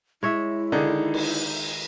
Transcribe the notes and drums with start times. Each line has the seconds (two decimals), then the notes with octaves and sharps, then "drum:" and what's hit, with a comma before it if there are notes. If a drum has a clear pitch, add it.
0.23 G#3 E4 C#5 E5
0.72 D3 D#3 D#4 G#4
1.14 drum: cymbal